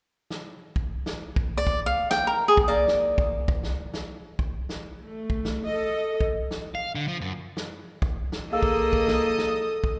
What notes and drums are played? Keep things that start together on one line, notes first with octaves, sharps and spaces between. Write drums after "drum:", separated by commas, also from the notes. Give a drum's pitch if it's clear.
drum: snare
drum: kick
drum: snare
drum: kick
D5
drum: kick
F5
G5, drum: snare
A#4
G#4
drum: kick
A#3 D5
drum: snare
drum: kick
drum: kick
drum: snare
drum: snare
drum: kick
drum: snare
A3
drum: kick
drum: snare
A4 D#5
drum: kick
drum: snare
F5
D3
F3
F#2
drum: snare
drum: kick
drum: snare
A#3 G#4 A4 D#5 F5 D#6 E6
drum: kick
drum: kick
drum: snare
drum: snare
drum: kick